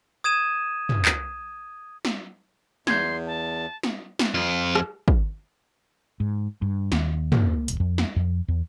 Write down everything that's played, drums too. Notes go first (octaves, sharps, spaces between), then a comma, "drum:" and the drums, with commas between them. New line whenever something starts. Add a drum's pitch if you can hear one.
D#6 G#6 D#7 E7
drum: tom
drum: clap
drum: snare
E2 C6 G6 G#6, drum: snare
A5
drum: snare
drum: snare
F2 F4
drum: rim click
drum: kick
G#2
G2
D#2, drum: snare
A#3, drum: tom
D#1, drum: hi-hat
F2
drum: snare
F2
E2